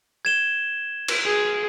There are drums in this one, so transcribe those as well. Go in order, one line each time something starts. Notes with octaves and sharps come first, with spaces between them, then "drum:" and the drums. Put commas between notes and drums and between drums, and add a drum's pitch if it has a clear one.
G#6 E7 G7
drum: cymbal
G#4